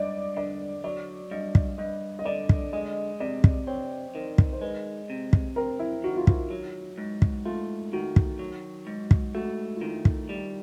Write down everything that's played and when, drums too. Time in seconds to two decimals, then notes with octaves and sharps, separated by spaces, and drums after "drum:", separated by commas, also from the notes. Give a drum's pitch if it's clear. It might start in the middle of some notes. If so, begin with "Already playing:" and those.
Already playing: G2 D5 D#5
0.36 D3 D5
0.84 F#3 D5
1.31 G2 D#5
1.55 drum: kick
1.78 G2 D#5
2.19 D#5
2.25 D3 D5
2.49 drum: kick
2.73 G#3 D#5
3.20 C3 D5
3.44 drum: kick
3.67 C4 C#5
4.15 D#3 C5
4.38 drum: kick
4.53 C5
4.61 G#3 B4
5.10 C3
5.33 drum: kick
5.56 C4 A#4
5.79 E4
6.04 D#3 F#4
6.17 F4
6.27 F#4, drum: kick
6.51 F#3
6.98 G#2
7.22 drum: kick
7.45 A3 F4
7.93 D#3 F#4
8.16 drum: kick
8.39 F#3
8.87 G#2
9.11 drum: kick
9.35 A3 F#4
9.77 F4
9.81 D#3 E4
10.05 drum: kick
10.29 G3